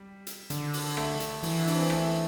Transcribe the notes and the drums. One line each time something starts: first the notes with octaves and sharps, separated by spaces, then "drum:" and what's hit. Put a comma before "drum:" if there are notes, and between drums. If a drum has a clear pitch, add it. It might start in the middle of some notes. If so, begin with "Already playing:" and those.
Already playing: G3
drum: hi-hat
D3, drum: hi-hat
drum: open hi-hat
A3, drum: rim click
drum: hi-hat
E3, drum: open hi-hat
E4
D4, drum: open hi-hat
C4
B3
A3, drum: rim click